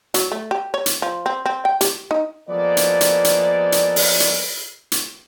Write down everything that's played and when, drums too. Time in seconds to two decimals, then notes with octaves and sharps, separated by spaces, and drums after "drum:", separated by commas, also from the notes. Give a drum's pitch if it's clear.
0.14 F#3, drum: hi-hat
0.32 A3
0.51 G4
0.74 C#5
0.86 drum: hi-hat
1.02 F3
1.26 C4
1.46 C4
1.65 G5
1.81 G4, drum: hi-hat
2.11 D#4
2.49 F3 G#3 A#3 B3 A4 D5
2.77 drum: hi-hat
3.01 drum: hi-hat
3.24 drum: hi-hat
3.72 drum: hi-hat
3.96 drum: open hi-hat
4.20 drum: hi-hat
4.92 drum: hi-hat